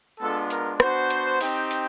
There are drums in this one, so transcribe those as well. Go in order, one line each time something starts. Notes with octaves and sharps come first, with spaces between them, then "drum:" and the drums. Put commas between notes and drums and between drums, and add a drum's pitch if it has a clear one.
G#3 B3 D4 F4 A4
A#4, drum: hi-hat
B3 D4 F#4 C5, drum: rim click
drum: hi-hat
C4 D#4 G4, drum: open hi-hat
drum: hi-hat